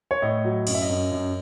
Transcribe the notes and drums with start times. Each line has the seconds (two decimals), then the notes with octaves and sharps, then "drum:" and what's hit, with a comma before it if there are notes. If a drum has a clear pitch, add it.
0.11 C#5
0.22 A2 D#5
0.44 F#3
0.67 F#2 D#5, drum: cymbal
0.74 E5
0.82 D#5
0.89 F#2
1.11 F#2